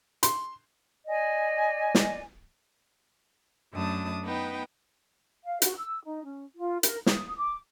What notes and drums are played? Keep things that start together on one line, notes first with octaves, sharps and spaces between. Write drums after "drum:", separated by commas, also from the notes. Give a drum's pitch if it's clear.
C6, drum: hi-hat
D5 D#5 G#5
drum: snare
F#2 A3 D4 A5 D#6
B3 D#4 B4 G5
F5
F#4, drum: hi-hat
E6
D#4
C#4
F4
A#4, drum: hi-hat
D#6, drum: snare
D6